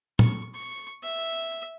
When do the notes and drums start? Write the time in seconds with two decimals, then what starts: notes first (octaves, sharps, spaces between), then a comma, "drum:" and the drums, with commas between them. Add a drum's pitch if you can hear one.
0.19 C#6, drum: tom
0.54 C#6
1.03 E5